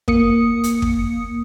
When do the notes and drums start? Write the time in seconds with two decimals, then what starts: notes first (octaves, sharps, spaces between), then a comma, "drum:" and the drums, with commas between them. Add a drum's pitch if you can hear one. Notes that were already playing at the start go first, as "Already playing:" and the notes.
0.08 A#3 D#6 C#7, drum: kick
0.64 drum: hi-hat
0.82 drum: kick